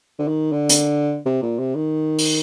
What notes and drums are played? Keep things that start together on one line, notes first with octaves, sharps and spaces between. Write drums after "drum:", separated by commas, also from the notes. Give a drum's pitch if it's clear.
D3
D#3
D3
drum: hi-hat
C3
A#2
C3
D#3
drum: open hi-hat